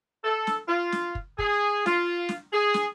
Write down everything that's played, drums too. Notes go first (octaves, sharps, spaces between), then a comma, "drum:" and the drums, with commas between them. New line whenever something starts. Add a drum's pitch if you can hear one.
A4
drum: snare
F4
drum: snare
drum: kick
G#4, drum: kick
F4, drum: snare
drum: snare
G#4
drum: snare